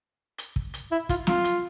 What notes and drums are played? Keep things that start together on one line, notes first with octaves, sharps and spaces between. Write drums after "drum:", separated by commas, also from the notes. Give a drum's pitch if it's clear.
drum: hi-hat
drum: kick
drum: hi-hat
E4
F4, drum: kick, hi-hat
F4, drum: snare
drum: hi-hat